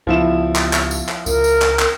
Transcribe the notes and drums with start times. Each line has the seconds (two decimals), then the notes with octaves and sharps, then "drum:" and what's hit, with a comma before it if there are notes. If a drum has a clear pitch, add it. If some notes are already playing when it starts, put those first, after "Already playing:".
0.07 C#2 F3 B3 E4 E7
0.56 drum: clap
0.73 drum: clap
0.91 drum: tambourine
1.09 drum: clap
1.26 C#2 A#4, drum: tambourine
1.44 drum: tambourine
1.62 drum: clap
1.79 drum: clap